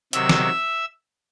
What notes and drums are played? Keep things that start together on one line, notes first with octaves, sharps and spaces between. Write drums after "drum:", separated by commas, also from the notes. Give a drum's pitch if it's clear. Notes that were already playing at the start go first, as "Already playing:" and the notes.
C3 D#3 F#3 E5 E6, drum: hi-hat
drum: snare